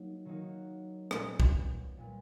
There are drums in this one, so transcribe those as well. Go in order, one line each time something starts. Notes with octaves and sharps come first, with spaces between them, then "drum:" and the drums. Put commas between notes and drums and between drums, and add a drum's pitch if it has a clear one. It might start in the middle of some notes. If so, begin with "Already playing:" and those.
Already playing: F#3 A#3 D#4 F#4
D#3 F#3 A#3 D#4 F#4
A#2 G3 B3, drum: rim click
drum: kick
A#2 G3 B3